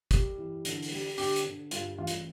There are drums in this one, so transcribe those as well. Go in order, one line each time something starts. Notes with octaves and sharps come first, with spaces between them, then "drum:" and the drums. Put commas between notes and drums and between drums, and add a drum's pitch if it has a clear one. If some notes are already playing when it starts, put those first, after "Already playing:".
G3, drum: kick, hi-hat
E3
D3, drum: hi-hat
drum: open hi-hat
G3
D3 G4, drum: open hi-hat
drum: hi-hat
D3
G2 F4, drum: hi-hat
A1 F4
drum: hi-hat